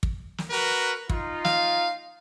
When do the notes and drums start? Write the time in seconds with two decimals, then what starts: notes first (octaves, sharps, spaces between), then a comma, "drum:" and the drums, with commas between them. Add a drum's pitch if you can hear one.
0.03 drum: kick
0.38 drum: snare
0.51 F#4 A#4 B4
1.09 D#4 F4, drum: kick
1.45 F5, drum: snare